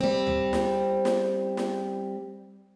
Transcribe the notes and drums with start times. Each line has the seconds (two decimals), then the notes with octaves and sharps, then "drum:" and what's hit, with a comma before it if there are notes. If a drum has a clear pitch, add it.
0.01 G3 C4
0.27 drum: tom D2
0.53 drum: snare
1.05 drum: snare
1.57 drum: snare